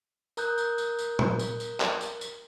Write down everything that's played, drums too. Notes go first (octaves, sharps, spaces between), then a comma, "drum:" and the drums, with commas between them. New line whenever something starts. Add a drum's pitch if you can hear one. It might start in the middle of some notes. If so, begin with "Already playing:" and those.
A#4 A#5 D#6 F#6 G6, drum: tambourine
drum: tambourine
drum: tambourine
drum: tambourine
drum: tom
drum: tambourine
drum: tambourine
drum: clap
drum: tambourine
drum: tambourine